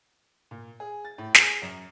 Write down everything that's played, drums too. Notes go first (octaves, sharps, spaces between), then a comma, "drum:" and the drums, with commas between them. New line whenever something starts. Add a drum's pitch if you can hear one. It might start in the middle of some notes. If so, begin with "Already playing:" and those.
A#2
G#4
A6
A2
G#4, drum: snare
F#2